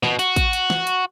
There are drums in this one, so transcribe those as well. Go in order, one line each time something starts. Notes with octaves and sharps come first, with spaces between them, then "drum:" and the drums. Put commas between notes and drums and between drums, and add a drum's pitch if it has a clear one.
B2, drum: snare
F#4, drum: hi-hat
drum: kick, hi-hat
drum: hi-hat
drum: snare
drum: hi-hat